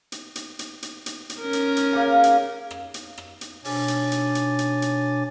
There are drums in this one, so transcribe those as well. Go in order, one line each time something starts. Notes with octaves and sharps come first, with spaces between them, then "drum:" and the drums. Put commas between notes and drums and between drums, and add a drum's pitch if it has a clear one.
drum: hi-hat
drum: hi-hat
drum: hi-hat
drum: hi-hat
drum: hi-hat
drum: hi-hat
C#4 A#4
drum: hi-hat
drum: hi-hat
C#3 A#3 F5
drum: hi-hat
drum: rim click
drum: hi-hat
drum: rim click
drum: hi-hat
B2 D4 C#5 G#5 D6 A6, drum: open hi-hat
drum: hi-hat
drum: hi-hat
drum: hi-hat
drum: hi-hat
drum: hi-hat